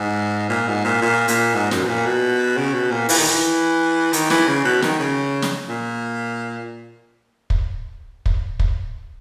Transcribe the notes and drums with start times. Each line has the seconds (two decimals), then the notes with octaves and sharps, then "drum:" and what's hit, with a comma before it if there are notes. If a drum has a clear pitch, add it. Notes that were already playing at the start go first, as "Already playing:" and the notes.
Already playing: G#2
0.50 A#2
0.68 G#2
0.84 A#2
1.02 A#2
1.28 A#2, drum: hi-hat
1.54 G#2
1.71 F#2, drum: snare
1.84 B2
1.88 A#2
2.06 B2
2.57 C#3
2.74 B2
2.91 A#2
3.09 E3, drum: open hi-hat
3.18 D#3
3.27 E3
4.13 D#3, drum: hi-hat
4.30 E3, drum: snare
4.47 C#3
4.65 B2
4.82 D#3, drum: snare
4.99 C#3
5.42 drum: snare
5.69 A#2
7.50 drum: kick
8.26 drum: kick
8.60 drum: kick